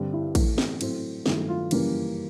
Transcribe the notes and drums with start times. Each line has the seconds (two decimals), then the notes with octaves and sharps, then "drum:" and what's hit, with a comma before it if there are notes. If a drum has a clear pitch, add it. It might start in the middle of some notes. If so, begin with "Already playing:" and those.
Already playing: G2 D3 G3 C4
0.13 E4
0.35 A2 E3 A3, drum: kick, cymbal
0.58 drum: snare
0.81 A2 F#3 A3 C4, drum: cymbal
1.26 G2 D#3 F#3 A3 E4, drum: snare
1.49 F4
1.71 F#2 C#3 E3 G3 A#3, drum: cymbal